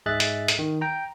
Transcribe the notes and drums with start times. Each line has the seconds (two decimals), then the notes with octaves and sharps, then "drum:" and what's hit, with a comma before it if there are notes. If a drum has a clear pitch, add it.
0.06 G#2 G#4 D#5 E5 F#6 A6
0.20 drum: hi-hat
0.48 drum: hi-hat
0.59 D#3
0.81 G5 A#5